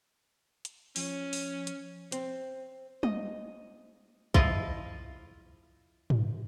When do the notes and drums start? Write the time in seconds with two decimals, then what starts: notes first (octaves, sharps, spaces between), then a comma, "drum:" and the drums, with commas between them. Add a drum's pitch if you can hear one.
0.65 drum: hi-hat
0.96 F3 C#4, drum: open hi-hat
1.33 drum: open hi-hat
1.67 drum: hi-hat
2.12 C4, drum: hi-hat
3.03 D#5, drum: tom
4.34 F3 E4 F4 D#5 F5, drum: kick B1
6.10 drum: tom